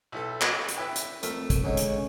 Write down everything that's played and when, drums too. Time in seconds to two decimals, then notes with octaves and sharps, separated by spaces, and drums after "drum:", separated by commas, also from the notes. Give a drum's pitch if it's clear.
0.12 B1 E4 A4
0.41 drum: clap
0.69 drum: hi-hat
0.78 E4 B4 G5
0.96 drum: hi-hat
1.23 F2 A3 A#4, drum: hi-hat
1.50 drum: kick, hi-hat
1.64 D3 G#3 C#4 D#4
1.77 drum: hi-hat